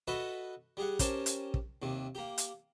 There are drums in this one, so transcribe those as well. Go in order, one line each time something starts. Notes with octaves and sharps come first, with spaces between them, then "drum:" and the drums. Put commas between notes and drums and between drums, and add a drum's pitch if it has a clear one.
F#4 A4 B4 D#5 E5 F#5
G3 G#4 F#5
C#4 G4 A#4 C5 G#5 A5, drum: kick, hi-hat
drum: hi-hat
drum: kick
D#2 C3
A#3 G4
drum: hi-hat